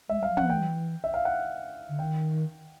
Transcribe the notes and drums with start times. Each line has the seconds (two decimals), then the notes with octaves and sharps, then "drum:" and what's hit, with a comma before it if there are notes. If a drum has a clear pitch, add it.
0.09 G#3 E5
0.19 G3 F5
0.29 F#3
0.37 F3 F#5, drum: tom
0.50 E3 G5
1.04 E5
1.14 F5
1.25 F#5
1.88 D3
1.99 D#3 G5